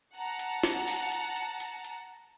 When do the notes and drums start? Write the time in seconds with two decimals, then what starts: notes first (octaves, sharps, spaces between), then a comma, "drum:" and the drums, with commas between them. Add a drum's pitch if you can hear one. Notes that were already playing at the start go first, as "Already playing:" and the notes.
0.15 F#5 A5 A#5
0.39 drum: hi-hat
0.63 drum: snare
0.88 drum: open hi-hat
1.12 drum: hi-hat
1.36 drum: hi-hat
1.60 drum: hi-hat
1.84 drum: hi-hat